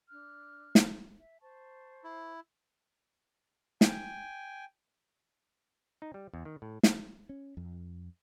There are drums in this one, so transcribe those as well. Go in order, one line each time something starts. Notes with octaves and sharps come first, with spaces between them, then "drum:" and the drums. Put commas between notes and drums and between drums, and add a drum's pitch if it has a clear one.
D4 F6 F#6
drum: snare
E5
C5 A5 C#6
E4
G5 G#5, drum: snare
D#4
G3
E2
D#3
A2
drum: snare
C#4
F2